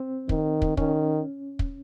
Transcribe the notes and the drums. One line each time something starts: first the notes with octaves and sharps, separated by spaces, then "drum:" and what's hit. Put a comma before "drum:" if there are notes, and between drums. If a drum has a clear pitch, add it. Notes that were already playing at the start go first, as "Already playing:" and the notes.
Already playing: C4
D#3, drum: kick
drum: kick
D#3 C#4, drum: kick
drum: kick